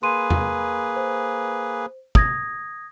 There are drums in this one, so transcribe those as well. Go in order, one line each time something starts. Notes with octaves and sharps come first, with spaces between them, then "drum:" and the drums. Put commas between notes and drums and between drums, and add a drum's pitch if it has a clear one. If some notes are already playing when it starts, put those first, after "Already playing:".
A#3 G#4 B4 C6 D#7
drum: tom E2
C5
D#6 G#6 A#6, drum: kick